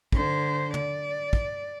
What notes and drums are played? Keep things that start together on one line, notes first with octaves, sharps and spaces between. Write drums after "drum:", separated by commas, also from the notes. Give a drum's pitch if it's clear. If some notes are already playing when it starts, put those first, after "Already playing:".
D3 C5, drum: kick
D5, drum: tom
drum: kick